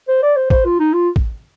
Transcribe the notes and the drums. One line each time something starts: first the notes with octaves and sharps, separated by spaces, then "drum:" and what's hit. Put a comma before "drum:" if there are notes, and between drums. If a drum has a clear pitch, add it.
C5
D5
C5
C5, drum: kick A1
F4
D#4
F4
drum: kick A1